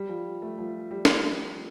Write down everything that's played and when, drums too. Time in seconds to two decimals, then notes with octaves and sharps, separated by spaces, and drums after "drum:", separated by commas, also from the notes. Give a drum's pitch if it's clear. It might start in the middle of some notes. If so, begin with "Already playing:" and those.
Already playing: G3
0.09 F3
0.42 A3
0.59 F3
0.91 G3
1.05 drum: snare